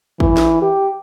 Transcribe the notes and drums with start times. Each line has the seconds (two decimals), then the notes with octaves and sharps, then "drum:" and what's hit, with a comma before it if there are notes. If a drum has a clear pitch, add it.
0.20 E3, drum: kick G#1
0.37 drum: snare
0.62 G4